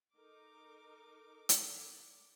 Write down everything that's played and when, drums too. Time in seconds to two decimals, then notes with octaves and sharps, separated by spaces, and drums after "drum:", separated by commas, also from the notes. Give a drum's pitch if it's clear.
0.17 D#4 A4 A#4 D6
1.49 drum: hi-hat